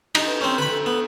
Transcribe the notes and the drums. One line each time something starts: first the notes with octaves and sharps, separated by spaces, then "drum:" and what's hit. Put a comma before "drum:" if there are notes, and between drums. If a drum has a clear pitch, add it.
D#4, drum: cymbal
B4
C4 C#4
D3 B4 B5
A4
B3